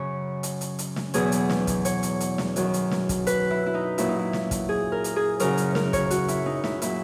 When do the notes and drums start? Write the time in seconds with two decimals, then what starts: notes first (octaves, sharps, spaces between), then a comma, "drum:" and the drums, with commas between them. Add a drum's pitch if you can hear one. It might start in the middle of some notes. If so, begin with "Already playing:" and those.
Already playing: F#2 C#3 F#3 C#5
0.43 drum: hi-hat
0.61 drum: hi-hat
0.79 drum: hi-hat
0.96 drum: snare
1.14 E2 B2 F#3 G#4, drum: hi-hat
1.32 drum: hi-hat
1.50 drum: snare
1.67 drum: kick, hi-hat
1.85 C#5, drum: hi-hat
2.03 drum: hi-hat
2.20 drum: hi-hat
2.38 drum: snare
2.56 F#2 D#3 F#3, drum: hi-hat
2.74 drum: hi-hat
2.91 drum: snare
3.09 drum: kick, hi-hat
3.27 B4, drum: hi-hat
3.51 E4
3.66 E4
3.74 D#4
3.98 A#2 F#3 E4, drum: hi-hat
4.08 D#4
4.19 E4
4.33 drum: snare
4.51 drum: kick, hi-hat
4.69 G#4
4.92 A#4
5.04 drum: hi-hat
5.16 G#4
5.40 F#2 C#3 F#3 A#4, drum: hi-hat
5.57 drum: hi-hat
5.75 A#4, drum: snare
5.93 C#5, drum: kick, hi-hat
6.11 F#4, drum: hi-hat
6.28 E4, drum: hi-hat
6.46 D#4
6.64 E4, drum: snare
6.82 A#2 F#3 E4, drum: hi-hat